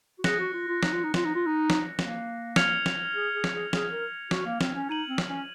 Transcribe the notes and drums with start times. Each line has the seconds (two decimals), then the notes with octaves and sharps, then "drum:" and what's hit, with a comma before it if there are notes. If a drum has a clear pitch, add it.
0.18 F#4
0.24 G#4 F#6 A#6 C#7, drum: snare
0.39 F#4
0.53 F4
0.68 F4
0.83 D#4, drum: snare
0.93 F4
1.03 D#4
1.14 F4, drum: snare
1.25 D#4
1.35 F4
1.46 D#4
1.70 drum: snare
1.99 A#3, drum: snare
2.56 F6 G#6 C#7 F7, drum: snare
2.86 drum: snare
3.15 G#4
3.34 G#4
3.44 drum: snare
3.53 G#4
3.73 G#4, drum: snare
3.92 A#4
4.31 F#4, drum: snare
4.46 A#3
4.61 C4, drum: snare
4.75 C#4
4.89 D#4 G#6 D#7 F#7
5.08 C4
5.18 drum: snare
5.28 C#4